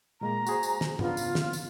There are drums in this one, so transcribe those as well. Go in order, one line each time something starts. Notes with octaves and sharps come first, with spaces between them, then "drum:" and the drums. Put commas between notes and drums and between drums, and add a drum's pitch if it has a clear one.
A#2 G#3 A#3 A#5
F#4 G#4 C5, drum: tambourine
drum: tambourine
drum: snare
C#3 B3 D4 F4, drum: tom G#2
drum: tambourine
drum: snare
drum: tambourine